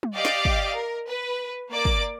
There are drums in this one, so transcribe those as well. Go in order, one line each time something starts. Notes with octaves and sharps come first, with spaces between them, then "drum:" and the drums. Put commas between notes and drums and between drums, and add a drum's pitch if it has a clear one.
drum: tom
G4 D5 D#5 F5 D6
drum: snare
drum: kick
A#4
B4
A#3 D5 D6
drum: kick